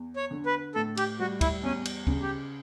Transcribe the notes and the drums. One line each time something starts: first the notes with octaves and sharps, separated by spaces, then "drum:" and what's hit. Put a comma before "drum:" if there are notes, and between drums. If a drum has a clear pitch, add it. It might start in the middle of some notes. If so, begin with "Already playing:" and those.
Already playing: E2
C#5
D3
B4
A2 A4
G4, drum: cymbal
G3 F#4
E4, drum: kick, cymbal
E2 C#4
drum: cymbal
C#3, drum: kick
G4